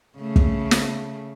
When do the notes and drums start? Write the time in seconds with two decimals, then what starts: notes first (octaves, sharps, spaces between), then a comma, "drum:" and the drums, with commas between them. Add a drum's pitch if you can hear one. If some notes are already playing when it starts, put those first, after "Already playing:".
0.18 C#3 A3
0.36 drum: kick
0.71 drum: snare